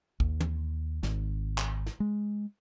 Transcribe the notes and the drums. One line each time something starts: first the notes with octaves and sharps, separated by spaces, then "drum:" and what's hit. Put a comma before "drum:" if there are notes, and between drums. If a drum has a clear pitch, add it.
D#2, drum: kick
drum: tom
G#1, drum: snare
drum: clap
drum: snare
G#3